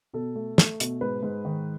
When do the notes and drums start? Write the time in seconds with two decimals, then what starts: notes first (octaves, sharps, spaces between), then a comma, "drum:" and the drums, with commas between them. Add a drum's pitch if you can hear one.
0.13 B2 A4
0.36 A3
0.58 A3, drum: snare
0.80 B2, drum: hi-hat
1.01 G#2 B4
1.23 G#2
1.45 D#3